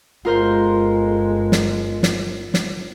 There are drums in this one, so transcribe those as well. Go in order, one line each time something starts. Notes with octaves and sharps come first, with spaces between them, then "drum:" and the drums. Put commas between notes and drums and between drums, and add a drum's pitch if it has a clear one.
G1 G#3 F4 A#4 C5
drum: snare
drum: snare
drum: snare